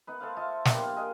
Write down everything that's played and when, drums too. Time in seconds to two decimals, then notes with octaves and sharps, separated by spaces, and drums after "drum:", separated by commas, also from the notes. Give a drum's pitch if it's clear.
0.07 B3 D#4 B4
0.20 A4 C5 F5
0.36 F4 D#5 E5 A5
0.65 A#3 B3 D4 G4, drum: snare
0.80 F5 C6
0.96 G#4 A#4 D#5 G5